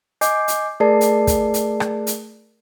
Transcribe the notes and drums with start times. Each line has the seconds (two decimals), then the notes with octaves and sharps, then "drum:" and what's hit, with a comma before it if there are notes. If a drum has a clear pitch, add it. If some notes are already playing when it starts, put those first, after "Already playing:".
0.21 D#5 G#5 D6 G6 C7, drum: hi-hat
0.48 drum: hi-hat
0.80 A3 G#4 A#4 D5 A5 C7
1.01 drum: hi-hat
1.27 drum: kick, hi-hat
1.54 drum: hi-hat
1.80 drum: rim click
2.07 drum: hi-hat